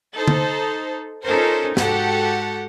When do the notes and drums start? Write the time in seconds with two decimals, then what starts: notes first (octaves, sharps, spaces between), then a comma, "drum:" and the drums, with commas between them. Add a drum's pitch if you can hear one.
0.14 D#4 A4 C5
0.28 drum: tom D3
1.24 C#4 D#4 F4 A4 A#4 C5
1.77 G#2 F#4 G4 A4 F#5, drum: snare